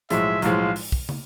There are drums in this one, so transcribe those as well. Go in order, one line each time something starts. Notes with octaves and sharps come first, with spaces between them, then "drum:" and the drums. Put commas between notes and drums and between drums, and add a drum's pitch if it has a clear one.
B1 A2 F3 G#3 E5, drum: hi-hat
B1 A2 F3 G#3 F5, drum: hi-hat
drum: open hi-hat
drum: kick
drum: tom